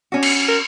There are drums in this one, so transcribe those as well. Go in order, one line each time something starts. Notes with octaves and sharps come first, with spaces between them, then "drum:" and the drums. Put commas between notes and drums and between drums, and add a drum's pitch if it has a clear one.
C#4 F#4
drum: cymbal
A#4